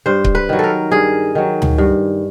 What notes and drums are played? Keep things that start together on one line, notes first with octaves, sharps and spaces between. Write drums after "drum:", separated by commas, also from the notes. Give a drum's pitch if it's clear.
G2 C5
drum: kick C#1
B4
D#3 F#3
A4 A#4
G2 G#4
D#3 F#3
drum: tom D2
G2